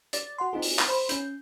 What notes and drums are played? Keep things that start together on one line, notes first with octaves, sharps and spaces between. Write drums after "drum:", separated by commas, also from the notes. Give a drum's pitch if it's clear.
D5 A6, drum: hi-hat
F#4 F#5 C6
C4 D#4 F4 G#4
drum: open hi-hat
drum: clap
C5 B5
C#4 G6, drum: hi-hat